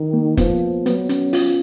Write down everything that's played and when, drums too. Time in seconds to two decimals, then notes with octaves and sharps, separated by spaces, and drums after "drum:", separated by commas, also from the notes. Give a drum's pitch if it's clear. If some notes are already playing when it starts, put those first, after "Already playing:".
Already playing: D#3
0.14 A#3
0.37 F3 B3, drum: kick, hi-hat
0.86 F#3 B3, drum: hi-hat
1.09 C#4, drum: hi-hat
1.33 F4, drum: open hi-hat